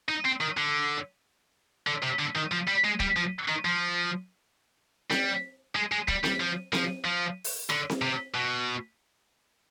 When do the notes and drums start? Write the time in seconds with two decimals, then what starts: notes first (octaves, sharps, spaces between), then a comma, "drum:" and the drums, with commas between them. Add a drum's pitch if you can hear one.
0.08 D#4
0.25 C4
0.41 D#3
0.57 D3
1.87 D3
2.03 C3
2.19 D3
2.36 D#3
2.52 F3
2.67 G3
2.84 G#3
3.00 G3, drum: kick
3.16 F3
3.48 D#3
3.65 F3
5.10 G3, drum: snare C4
5.75 G#3
5.92 G#3
6.08 G3, drum: kick
6.24 G3, drum: snare C4
6.40 F3
6.73 F3, drum: snare C4
7.05 F3
7.44 drum: open hi-hat
7.70 D3, drum: rim click
7.90 drum: snare C4
8.02 C3
8.34 B2